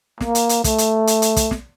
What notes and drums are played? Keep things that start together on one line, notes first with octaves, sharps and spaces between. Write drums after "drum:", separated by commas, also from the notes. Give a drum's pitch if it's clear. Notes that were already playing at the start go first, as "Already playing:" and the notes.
A#3, drum: snare
drum: hi-hat
drum: hi-hat
A3, drum: kick, hi-hat
drum: hi-hat
drum: hi-hat
drum: hi-hat
drum: kick, hi-hat
drum: snare